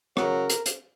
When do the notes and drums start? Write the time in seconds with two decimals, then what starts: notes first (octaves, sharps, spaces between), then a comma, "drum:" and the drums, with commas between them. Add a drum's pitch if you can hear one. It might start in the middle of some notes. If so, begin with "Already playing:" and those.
0.17 C#3 F#3 A#4, drum: rim click
0.50 drum: hi-hat
0.66 drum: hi-hat